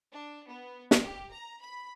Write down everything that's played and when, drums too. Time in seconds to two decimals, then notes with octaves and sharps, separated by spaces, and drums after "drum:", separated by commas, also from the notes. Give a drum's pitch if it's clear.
0.12 D4
0.48 B3
0.91 drum: snare
1.02 G4
1.32 A#5
1.62 B5